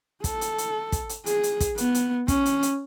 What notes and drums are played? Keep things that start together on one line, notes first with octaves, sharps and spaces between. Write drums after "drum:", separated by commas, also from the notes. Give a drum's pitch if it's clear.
A4, drum: kick, hi-hat
drum: hi-hat
drum: hi-hat
drum: kick, hi-hat
drum: hi-hat
G#4, drum: hi-hat
drum: hi-hat
drum: kick, hi-hat
B3, drum: hi-hat
drum: hi-hat
C#4, drum: kick, hi-hat
drum: hi-hat
drum: hi-hat